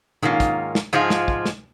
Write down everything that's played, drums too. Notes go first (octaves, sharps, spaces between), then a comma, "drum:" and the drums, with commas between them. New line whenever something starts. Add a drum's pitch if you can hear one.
G#2 D#3 A#3 C#4 F4, drum: tom A#2
drum: kick, hi-hat
drum: snare
G#2 F3 G#3 F4
drum: snare
drum: kick
drum: snare